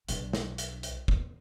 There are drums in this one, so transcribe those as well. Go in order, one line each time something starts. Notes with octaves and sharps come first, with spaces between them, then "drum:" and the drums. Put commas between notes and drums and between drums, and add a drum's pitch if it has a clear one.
B1 D4, drum: hi-hat
drum: snare
drum: hi-hat
drum: hi-hat
drum: kick